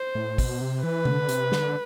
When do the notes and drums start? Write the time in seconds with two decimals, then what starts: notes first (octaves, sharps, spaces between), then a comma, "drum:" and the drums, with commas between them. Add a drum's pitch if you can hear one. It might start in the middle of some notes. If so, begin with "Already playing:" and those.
Already playing: C5
0.15 A2
0.38 B2, drum: kick, open hi-hat
0.61 C3
0.83 E3 B4
1.05 D3, drum: tom C3
1.29 C3, drum: hi-hat
1.52 D3, drum: snare